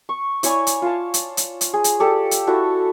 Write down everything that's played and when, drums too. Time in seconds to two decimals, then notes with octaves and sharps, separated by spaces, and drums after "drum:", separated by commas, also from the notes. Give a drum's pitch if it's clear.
0.09 C#6
0.43 E4 C#5 D5 G#5, drum: hi-hat
0.67 drum: hi-hat
0.82 F4 F5 A5
1.14 drum: hi-hat
1.37 drum: hi-hat
1.61 drum: hi-hat
1.74 G#4
1.84 drum: hi-hat
2.00 G4 A4 D5
2.31 drum: hi-hat
2.47 E4 F#4 A4 F#5